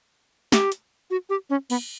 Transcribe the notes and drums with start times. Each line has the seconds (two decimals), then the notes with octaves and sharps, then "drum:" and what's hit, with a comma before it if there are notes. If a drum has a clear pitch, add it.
0.52 G4, drum: snare
0.72 drum: hi-hat
1.10 F#4
1.29 G4
1.50 C#4
1.70 B3, drum: cymbal